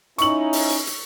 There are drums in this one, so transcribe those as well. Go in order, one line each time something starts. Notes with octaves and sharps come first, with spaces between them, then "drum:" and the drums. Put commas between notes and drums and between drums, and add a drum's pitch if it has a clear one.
C#4 D#4 E4 C#6 F#7, drum: hi-hat
drum: open hi-hat
drum: hi-hat
drum: hi-hat